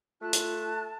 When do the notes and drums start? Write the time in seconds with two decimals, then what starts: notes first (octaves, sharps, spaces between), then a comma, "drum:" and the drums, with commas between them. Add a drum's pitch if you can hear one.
0.22 A3 F4 A5 F#6
0.33 drum: hi-hat